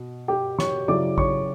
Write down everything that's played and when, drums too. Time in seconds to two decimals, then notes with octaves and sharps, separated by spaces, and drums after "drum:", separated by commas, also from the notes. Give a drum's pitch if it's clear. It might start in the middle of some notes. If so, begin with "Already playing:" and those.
Already playing: B2
0.28 G4 G5
0.59 C#5 C#6, drum: snare
0.88 C#3 F#3 C#4 E4 D5 D6
1.18 C#5 C#6, drum: kick A1